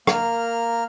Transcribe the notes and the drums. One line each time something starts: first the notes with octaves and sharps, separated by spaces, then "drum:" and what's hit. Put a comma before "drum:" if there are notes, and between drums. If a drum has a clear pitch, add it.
A#3 A#4 F6, drum: rim click